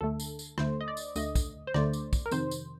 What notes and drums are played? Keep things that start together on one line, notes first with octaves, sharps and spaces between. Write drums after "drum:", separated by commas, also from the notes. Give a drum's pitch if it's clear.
D2 D3 A3 A4
drum: tambourine
drum: tambourine
D2 D3 A3 C5, drum: rim click
D#5
D5
drum: tambourine
D2 D3 A3 D#5, drum: tambourine
drum: kick, tambourine
C5
D2 D3 A3 D5, drum: rim click
drum: tambourine
drum: kick, tambourine
A#4
F2 C3 D#3 C5, drum: tambourine
drum: tambourine